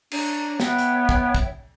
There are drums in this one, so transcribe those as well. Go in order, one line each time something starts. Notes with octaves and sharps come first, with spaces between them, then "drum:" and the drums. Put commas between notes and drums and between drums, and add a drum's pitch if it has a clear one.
D4 C#5 A#5, drum: cymbal
B3 C#5 E5 G5, drum: snare
drum: hi-hat
drum: kick
drum: kick